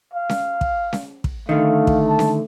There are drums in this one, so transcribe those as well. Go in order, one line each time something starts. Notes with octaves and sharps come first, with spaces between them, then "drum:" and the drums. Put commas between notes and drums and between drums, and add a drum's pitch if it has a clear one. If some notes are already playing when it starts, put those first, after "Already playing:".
F5
drum: snare C#4
drum: kick
drum: snare C#4
drum: kick
D3 D#3 A3 F5
drum: kick
A5
drum: snare C#4